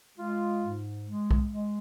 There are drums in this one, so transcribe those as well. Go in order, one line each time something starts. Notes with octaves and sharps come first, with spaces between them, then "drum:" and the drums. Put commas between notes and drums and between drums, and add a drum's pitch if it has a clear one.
G#3 F4
G#2
G#3
drum: kick B1
G#3